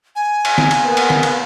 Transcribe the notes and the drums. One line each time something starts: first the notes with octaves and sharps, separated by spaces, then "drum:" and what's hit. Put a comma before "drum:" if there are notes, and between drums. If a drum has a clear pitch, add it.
G#5
drum: cymbal
drum: snare
drum: cymbal
A#3 B3
drum: cymbal
drum: snare
drum: cymbal